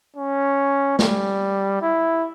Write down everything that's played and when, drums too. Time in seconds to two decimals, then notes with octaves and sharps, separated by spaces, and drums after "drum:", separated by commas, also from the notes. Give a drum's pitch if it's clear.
0.16 C#4
0.99 G3, drum: snare
1.82 E4